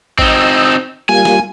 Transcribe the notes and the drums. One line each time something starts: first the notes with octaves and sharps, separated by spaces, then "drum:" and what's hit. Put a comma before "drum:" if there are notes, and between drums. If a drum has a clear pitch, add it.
C4 D#4 D#5 E6, drum: kick G#1
G3 A#3 F4 G#5
drum: snare